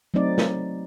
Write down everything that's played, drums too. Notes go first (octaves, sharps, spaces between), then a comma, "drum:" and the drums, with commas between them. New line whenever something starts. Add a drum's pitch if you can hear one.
F#3 A3 C4 D#4 D5
drum: snare